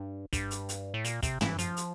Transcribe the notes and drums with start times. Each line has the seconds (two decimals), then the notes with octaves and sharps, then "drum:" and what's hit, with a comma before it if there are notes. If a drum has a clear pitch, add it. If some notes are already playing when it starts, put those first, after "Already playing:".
Already playing: G2
0.33 G2, drum: kick, hi-hat
0.51 drum: hi-hat
0.69 drum: hi-hat
0.94 A2
1.05 A#2, drum: hi-hat
1.22 C3, drum: kick, hi-hat
1.41 E3, drum: tom
1.59 F3, drum: hi-hat
1.77 drum: hi-hat